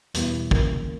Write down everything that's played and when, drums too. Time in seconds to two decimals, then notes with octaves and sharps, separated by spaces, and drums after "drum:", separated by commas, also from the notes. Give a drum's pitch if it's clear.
0.14 E2 B2 G3 B3 E4, drum: hi-hat
0.51 D2 C#3 E3 A#3, drum: kick